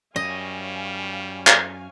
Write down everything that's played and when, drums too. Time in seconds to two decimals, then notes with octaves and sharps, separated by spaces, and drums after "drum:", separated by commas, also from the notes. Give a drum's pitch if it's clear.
0.16 F#2 G3 C#5 D#5 F5 G#5
1.47 drum: clap